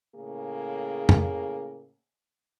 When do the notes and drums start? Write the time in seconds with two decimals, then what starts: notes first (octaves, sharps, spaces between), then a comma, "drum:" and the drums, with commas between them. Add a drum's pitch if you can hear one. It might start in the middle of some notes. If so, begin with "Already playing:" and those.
0.14 A2 C#3 A#3 G#4
1.09 drum: tom F2